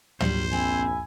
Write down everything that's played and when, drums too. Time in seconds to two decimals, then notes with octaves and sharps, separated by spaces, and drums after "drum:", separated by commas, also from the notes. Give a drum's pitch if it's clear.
0.20 A#1 F#3 G3 C5, drum: tom
0.53 C4 E4 G#5